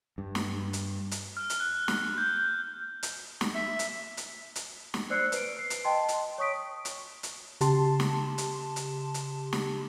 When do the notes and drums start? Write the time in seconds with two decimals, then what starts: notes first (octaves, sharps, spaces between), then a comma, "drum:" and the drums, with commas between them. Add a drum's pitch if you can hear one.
0.18 G2
0.35 drum: snare
0.73 drum: hi-hat
1.11 drum: hi-hat
1.37 F6
1.50 drum: hi-hat
1.60 F#6
1.88 drum: snare
2.18 G6
2.37 G6
3.03 drum: hi-hat
3.41 drum: snare
3.55 E5
3.79 drum: hi-hat
4.17 drum: hi-hat
4.56 drum: hi-hat
4.94 drum: snare
5.10 C5 D5 E6 F#6 C7 C#7
5.32 B4 D7, drum: hi-hat
5.59 C7
5.70 drum: hi-hat
5.84 D#5 G5 A5 C6
6.08 drum: hi-hat
6.38 C#5 C#6 D#6 B6 D7
6.85 drum: hi-hat
7.23 drum: hi-hat
7.61 C#3 G4 A5 C6, drum: hi-hat
8.00 drum: snare
8.38 drum: hi-hat
8.76 drum: hi-hat
9.14 drum: hi-hat
9.53 drum: snare